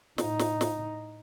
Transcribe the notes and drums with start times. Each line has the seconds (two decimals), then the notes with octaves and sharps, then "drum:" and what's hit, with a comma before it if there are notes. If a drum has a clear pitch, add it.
0.18 A2 D#4, drum: snare
0.39 drum: snare
0.61 drum: snare